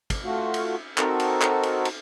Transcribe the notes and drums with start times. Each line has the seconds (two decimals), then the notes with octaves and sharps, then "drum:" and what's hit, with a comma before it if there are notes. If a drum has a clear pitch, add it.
0.10 drum: kick, cymbal
0.24 A3 F4 F#4
0.54 drum: cymbal
0.98 C4 D#4 F#4 A4 A#4, drum: clap
1.20 drum: cymbal
1.41 drum: clap
1.63 drum: cymbal
1.85 drum: cymbal